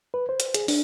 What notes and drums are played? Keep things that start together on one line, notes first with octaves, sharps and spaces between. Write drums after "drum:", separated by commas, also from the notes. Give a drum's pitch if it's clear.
B4
C5
drum: hi-hat
G#4, drum: hi-hat
D4, drum: open hi-hat